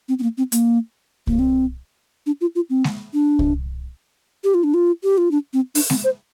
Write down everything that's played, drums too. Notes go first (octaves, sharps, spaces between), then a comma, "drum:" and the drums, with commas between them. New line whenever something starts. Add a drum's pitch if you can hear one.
C4
C4
A#3
C4
A#3, drum: hi-hat
A#3, drum: kick C2
C4
D4
F4
F4
C4
drum: snare G#3
D4
drum: kick C2
G4
F4
D4
F4
G4
F4
D4
C4
D4, drum: open hi-hat
C4, drum: snare G#3
C5